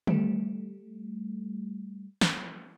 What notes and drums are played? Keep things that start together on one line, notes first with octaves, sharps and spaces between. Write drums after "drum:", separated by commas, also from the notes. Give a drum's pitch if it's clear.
G3 A3, drum: tom D3
drum: snare